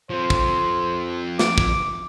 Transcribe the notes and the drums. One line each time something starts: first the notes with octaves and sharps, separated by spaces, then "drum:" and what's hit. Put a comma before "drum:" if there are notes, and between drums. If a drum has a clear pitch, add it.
F3 C4 C5
drum: kick
D6, drum: snare
drum: kick